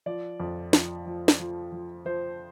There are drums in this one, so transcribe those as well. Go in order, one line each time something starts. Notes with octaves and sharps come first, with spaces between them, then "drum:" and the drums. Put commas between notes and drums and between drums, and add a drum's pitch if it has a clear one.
F3 D5
F2
F3, drum: snare
F3
drum: snare
F3
F3
F3 C5